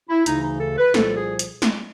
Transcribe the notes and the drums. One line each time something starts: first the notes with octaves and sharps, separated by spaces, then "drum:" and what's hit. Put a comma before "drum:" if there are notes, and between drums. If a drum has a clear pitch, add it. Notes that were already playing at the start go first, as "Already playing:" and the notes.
E4
D2 C#3 E3 D#4, drum: hi-hat
D#4
A4
B4
C2 A#2 F3 A4, drum: snare
G#4
drum: hi-hat
drum: snare